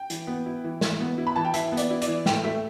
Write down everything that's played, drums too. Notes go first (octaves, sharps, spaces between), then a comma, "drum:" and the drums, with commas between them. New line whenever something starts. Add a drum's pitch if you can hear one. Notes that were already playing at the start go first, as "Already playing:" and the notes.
Already playing: G5
E3, drum: hi-hat
B3
E4
E3
E3, drum: snare
B3
E4
B5
E3 A5
G5
E3 E5, drum: hi-hat
B3
D5, drum: hi-hat
E4
D5, drum: hi-hat
E3
A2 G5, drum: snare
A3 E5